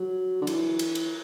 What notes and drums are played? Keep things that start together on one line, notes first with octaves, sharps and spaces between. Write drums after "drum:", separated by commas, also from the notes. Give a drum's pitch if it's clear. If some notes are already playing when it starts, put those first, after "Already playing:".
Already playing: F#3
D3
E3, drum: cymbal
drum: cymbal
drum: cymbal